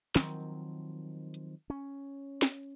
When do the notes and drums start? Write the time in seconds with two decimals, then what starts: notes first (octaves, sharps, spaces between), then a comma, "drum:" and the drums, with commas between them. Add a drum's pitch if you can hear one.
0.15 D#3 F3 F#3 C4, drum: snare
1.34 drum: hi-hat
1.70 C#4
2.42 drum: snare